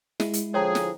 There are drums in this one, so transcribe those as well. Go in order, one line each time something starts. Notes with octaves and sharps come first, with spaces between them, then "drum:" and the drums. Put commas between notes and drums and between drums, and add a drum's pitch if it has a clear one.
G#3 E4, drum: snare
drum: hi-hat
D3 F3 G#4 C5 C#5 G5 A#5
drum: snare